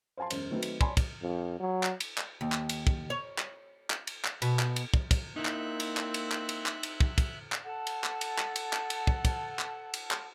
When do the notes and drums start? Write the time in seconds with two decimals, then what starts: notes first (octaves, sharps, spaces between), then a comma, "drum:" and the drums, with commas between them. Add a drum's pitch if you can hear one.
0.17 C5 F5 G#5 A5 C6
0.30 E1 F#2 C5, drum: cymbal
0.50 D#3 F#3 A3 C4 F#4 B4
0.62 drum: cymbal
0.81 C#5 D5 G#5 A5 B5 C6, drum: kick
0.97 drum: kick, cymbal
1.23 F2
1.60 F#3
1.83 drum: clap
2.00 drum: cymbal
2.18 drum: clap
2.41 D#2
2.52 drum: clap
2.69 drum: cymbal
2.87 drum: kick
3.10 C#5
3.38 drum: clap
3.90 drum: clap
4.07 drum: cymbal
4.25 drum: clap
4.42 B2, drum: cymbal
4.59 drum: clap
4.76 drum: cymbal
4.94 drum: kick
5.11 drum: kick, cymbal
5.36 A#3 C4 D#4 E4 E5 F#6
5.45 drum: clap
5.80 drum: cymbal
5.97 drum: clap
6.14 drum: cymbal
6.31 drum: clap
6.49 drum: cymbal
6.66 drum: clap
6.83 drum: cymbal
7.00 drum: kick
7.18 drum: kick, cymbal
7.52 drum: clap
7.64 A4 F#5 A5
7.87 drum: cymbal
8.04 drum: clap
8.21 drum: cymbal
8.38 drum: clap
8.56 drum: cymbal
8.73 drum: clap
8.90 drum: cymbal
9.07 drum: kick
9.25 drum: kick, cymbal
9.59 drum: clap
9.94 drum: cymbal
10.11 drum: clap